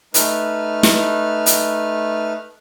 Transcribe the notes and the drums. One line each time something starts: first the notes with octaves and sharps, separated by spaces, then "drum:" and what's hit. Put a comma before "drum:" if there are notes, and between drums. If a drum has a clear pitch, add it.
A3 D#4 B4 F6, drum: hi-hat
drum: snare
drum: hi-hat